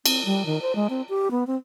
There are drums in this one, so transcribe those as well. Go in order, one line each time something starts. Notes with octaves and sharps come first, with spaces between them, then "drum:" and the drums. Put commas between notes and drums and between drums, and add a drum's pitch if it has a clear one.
C4, drum: cymbal
G3
D#3
C5
G#3
C4
G4
B3
C4